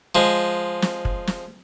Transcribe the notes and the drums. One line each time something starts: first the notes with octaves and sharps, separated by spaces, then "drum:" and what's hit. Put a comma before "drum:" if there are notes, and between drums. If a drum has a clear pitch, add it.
F3 G#3
drum: snare
drum: kick
drum: snare